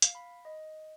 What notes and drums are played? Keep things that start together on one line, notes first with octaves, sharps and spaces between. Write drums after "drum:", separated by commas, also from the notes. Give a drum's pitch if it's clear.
F5, drum: hi-hat
B5
D#5